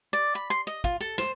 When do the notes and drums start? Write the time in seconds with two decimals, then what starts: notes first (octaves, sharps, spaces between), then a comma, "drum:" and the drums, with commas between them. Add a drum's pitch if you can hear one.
0.13 D5
0.35 B5
0.50 C6
0.67 D#5
0.84 F4, drum: kick, tambourine
1.01 A4, drum: tambourine
1.18 C5, drum: snare